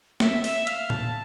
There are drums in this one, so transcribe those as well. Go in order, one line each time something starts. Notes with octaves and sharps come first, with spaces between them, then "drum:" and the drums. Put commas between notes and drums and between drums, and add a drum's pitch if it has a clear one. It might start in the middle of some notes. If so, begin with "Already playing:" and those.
E5, drum: snare
E5, drum: open hi-hat
F5, drum: hi-hat
A5, drum: tom A2